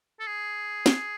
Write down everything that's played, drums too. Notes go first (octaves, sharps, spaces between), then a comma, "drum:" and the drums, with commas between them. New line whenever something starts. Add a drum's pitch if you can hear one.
A4
G#4
drum: snare